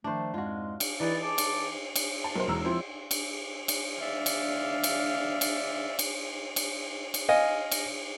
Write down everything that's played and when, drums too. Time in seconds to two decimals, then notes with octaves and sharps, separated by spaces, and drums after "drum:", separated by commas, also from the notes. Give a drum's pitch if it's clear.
0.04 D#3 F3 A3 D4 C5
0.34 F2 G#2 G#3 F4 F#4
0.80 drum: cymbal
1.00 E3 D#4 B4 D5
1.22 G#4 A5 D6
1.38 drum: cymbal
1.96 drum: cymbal
2.24 A5
2.36 B1 A#3 C5
2.47 E1 E2 A#5 E6
2.65 F3 C4 E4
3.11 drum: cymbal
3.68 drum: cymbal
4.01 D4 D5 E5 F5
4.26 drum: cymbal
4.84 drum: cymbal
5.41 drum: cymbal
5.99 drum: cymbal
6.56 drum: cymbal
7.14 drum: cymbal
7.29 D#5 F5 G#5
7.72 drum: cymbal